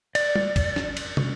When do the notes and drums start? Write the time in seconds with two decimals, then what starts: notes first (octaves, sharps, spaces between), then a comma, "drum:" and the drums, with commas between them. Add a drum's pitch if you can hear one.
0.15 D5, drum: cymbal
0.36 drum: tom
0.56 drum: kick, cymbal
0.76 drum: snare
0.97 drum: cymbal
1.17 drum: tom